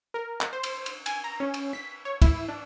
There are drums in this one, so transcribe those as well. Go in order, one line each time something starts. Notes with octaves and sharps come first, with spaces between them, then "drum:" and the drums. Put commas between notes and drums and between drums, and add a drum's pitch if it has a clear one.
A#4
drum: clap
C5
drum: cymbal
drum: cymbal
G#5, drum: cymbal
A#5
C#4
drum: cymbal
B6
C#5
E4, drum: kick, cymbal
D4